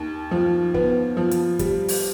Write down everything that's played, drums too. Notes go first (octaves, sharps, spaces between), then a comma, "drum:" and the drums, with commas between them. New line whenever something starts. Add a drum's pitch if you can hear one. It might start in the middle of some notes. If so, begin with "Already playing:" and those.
Already playing: D#2
F3
B3, drum: kick
F3
drum: hi-hat
G3, drum: kick, hi-hat
drum: open hi-hat